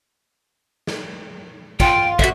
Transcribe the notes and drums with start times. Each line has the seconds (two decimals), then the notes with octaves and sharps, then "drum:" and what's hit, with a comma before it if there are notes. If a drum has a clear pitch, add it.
0.87 drum: snare
1.80 F4 G5, drum: kick
2.19 D3 F#4 E5, drum: kick